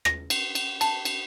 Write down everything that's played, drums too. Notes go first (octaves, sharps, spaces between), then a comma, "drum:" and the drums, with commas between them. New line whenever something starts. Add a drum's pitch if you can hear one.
A#6, drum: rim click
drum: cymbal
drum: cymbal
A5, drum: cymbal
drum: cymbal